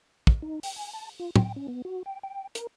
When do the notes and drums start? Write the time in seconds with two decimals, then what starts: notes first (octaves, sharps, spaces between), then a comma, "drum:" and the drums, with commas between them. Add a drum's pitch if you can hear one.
0.27 drum: kick
0.42 D#4
0.63 G5, drum: open hi-hat
0.76 G#5
0.93 A5
1.20 F4
1.36 G5, drum: tom
1.56 C#4
1.68 B3
1.85 F#4
2.06 G5
2.23 G5
2.55 A#4, drum: hi-hat